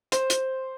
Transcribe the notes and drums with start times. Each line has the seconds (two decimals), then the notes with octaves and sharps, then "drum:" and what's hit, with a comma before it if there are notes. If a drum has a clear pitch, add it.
0.12 C5, drum: hi-hat
0.30 drum: hi-hat